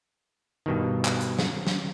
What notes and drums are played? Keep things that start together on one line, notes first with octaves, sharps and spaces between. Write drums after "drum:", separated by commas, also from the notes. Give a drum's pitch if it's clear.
G2 B2 D#3
drum: clap
drum: hi-hat
drum: snare
drum: snare